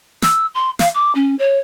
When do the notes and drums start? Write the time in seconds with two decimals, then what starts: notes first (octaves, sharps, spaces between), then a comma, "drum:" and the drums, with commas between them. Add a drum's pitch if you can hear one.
0.22 E6, drum: snare
0.55 C6
0.79 F5, drum: snare
0.94 D6
1.15 C#4
1.39 C#5